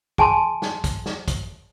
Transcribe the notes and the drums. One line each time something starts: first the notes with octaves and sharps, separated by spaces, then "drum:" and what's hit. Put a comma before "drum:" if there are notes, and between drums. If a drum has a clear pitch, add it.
G#4 G#5 A5 C6, drum: kick
drum: snare
drum: kick, hi-hat
drum: snare
drum: kick, hi-hat